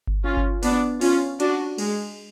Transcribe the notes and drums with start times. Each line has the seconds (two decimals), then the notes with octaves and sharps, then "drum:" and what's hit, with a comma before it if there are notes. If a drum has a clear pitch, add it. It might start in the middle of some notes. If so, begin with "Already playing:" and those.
0.07 drum: kick G1
0.24 C#4 F4
0.37 drum: kick G1
0.63 B3 D4, drum: open hi-hat
1.01 C#4 F4, drum: open hi-hat
1.40 D4 F#4, drum: cymbal
1.78 G#3, drum: cymbal